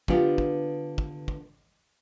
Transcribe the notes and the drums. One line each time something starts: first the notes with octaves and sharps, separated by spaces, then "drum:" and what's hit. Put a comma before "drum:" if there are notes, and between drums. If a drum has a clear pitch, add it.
D3 B3 D4 F4 G4, drum: kick
drum: kick
drum: kick
drum: kick